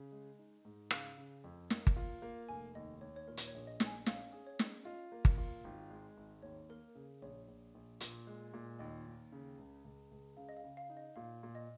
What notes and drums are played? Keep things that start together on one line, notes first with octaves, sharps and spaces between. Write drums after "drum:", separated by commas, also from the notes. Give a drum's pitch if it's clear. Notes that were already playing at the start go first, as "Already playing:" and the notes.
Already playing: C#3
G#3
D#4
G#2
C#3 F5, drum: rim click
C#3
F2
A#3, drum: snare
drum: kick G1
F4
A#3
F1 G#5
D#2 D#5
D#2 C#5
C#5
A#2 A#4
drum: hi-hat
C#5
A#1
D#5
A#1, drum: snare
G#5
C#4 F5, drum: snare
G#4
C#5
C#4, drum: snare
F4 D#5
A#3
drum: kick G1
F4
G#1
G#3
G#1
D#2 C#5
A#3 A#4
C#3
A#1 C#5
A#1
A#1
A#2, drum: hi-hat
G#3
A#2
D#2 D#5
D#2
C#3
C#2
C#2
C#2
C#3 F5
D#5
F5
C#3
F5
D#4
D#5
A#2 F5
A#2
D#5